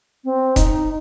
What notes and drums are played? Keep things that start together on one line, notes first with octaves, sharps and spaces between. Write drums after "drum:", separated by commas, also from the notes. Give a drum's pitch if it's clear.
C4
D#4, drum: kick E1, hi-hat